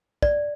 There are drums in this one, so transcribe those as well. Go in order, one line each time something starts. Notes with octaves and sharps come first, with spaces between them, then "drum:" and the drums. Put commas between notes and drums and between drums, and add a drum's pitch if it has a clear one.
D5, drum: kick